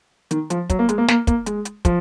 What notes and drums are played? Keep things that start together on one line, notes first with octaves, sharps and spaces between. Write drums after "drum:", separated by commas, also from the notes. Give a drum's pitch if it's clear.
D#3, drum: hi-hat
F3, drum: hi-hat
F#3, drum: kick, hi-hat
A#3
G#3, drum: hi-hat
A#3
A#3, drum: snare
A#3, drum: kick, hi-hat
G#3, drum: hi-hat
drum: hi-hat
F3, drum: kick, hi-hat